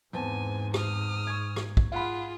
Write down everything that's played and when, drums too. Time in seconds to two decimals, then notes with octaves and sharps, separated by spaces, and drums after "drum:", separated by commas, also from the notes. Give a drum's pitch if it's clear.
0.13 E2 G#2 C4 G#5 A5
0.74 D#6 F6, drum: rim click
1.27 C#6 G#6
1.56 drum: rim click
1.77 drum: kick
1.92 F4 G#4 F5 F#5 B5